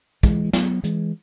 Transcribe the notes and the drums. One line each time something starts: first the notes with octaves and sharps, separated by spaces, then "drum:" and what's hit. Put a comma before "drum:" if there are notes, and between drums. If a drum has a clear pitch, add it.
E3 G#3, drum: kick, hi-hat
F#3 B3, drum: snare
E3 G#3, drum: hi-hat